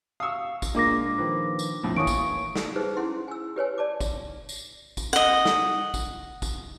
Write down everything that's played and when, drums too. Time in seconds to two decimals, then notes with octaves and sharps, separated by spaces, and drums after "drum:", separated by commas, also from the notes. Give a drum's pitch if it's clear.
0.20 F5 C#6 D#6 E6
0.62 drum: kick, tambourine
0.74 A#2 G#3 A#3 D4 D6 A#6
1.18 D#3 F3 B4
1.59 drum: tambourine
1.83 A#1 F2 A2
1.96 E3 A#3 C#5 C#6 D#6 D7
2.07 drum: kick, tambourine
2.56 drum: snare
2.76 D#4 G4 G#4 B4 C5
2.97 C#4 E4 G#4 F#5 C6
3.28 G#5 E6
3.56 G4 B4 C#5 G#5
3.78 D5 A5 D6
4.00 drum: kick, tambourine
4.49 drum: tambourine
4.97 drum: kick, tambourine
5.13 D#5 F#5
5.45 drum: snare
5.94 drum: kick, tambourine
6.42 drum: kick, tambourine